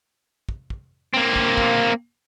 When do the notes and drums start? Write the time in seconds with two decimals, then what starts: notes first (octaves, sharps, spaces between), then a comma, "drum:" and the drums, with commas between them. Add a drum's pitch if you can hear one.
0.49 drum: kick
0.70 drum: kick
1.14 A#3 C4
1.36 drum: kick
1.57 drum: kick